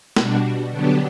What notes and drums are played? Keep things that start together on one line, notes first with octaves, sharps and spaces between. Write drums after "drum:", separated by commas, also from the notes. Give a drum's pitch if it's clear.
B2 G3 D4 F#4, drum: snare
D3 F#3 B3 D4 G4